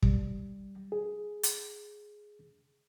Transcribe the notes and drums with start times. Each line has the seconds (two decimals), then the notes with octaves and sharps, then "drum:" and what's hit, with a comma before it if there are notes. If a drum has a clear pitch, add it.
0.03 G3, drum: kick
0.92 G#4
1.43 drum: hi-hat